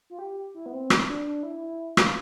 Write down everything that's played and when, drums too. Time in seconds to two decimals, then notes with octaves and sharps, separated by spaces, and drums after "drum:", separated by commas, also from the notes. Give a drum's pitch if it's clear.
0.10 F4
0.19 G4
0.55 E4
0.66 B3
0.73 C4
0.90 drum: rim click
1.08 D4
1.26 D4
1.43 E4
1.62 E4
1.97 F4, drum: rim click